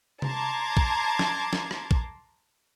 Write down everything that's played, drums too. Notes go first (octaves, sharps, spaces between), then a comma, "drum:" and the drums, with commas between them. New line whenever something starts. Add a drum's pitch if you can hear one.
A5 A#5 C6 D6 G#6, drum: tom C3
drum: kick
drum: snare
drum: snare
drum: rim click
drum: kick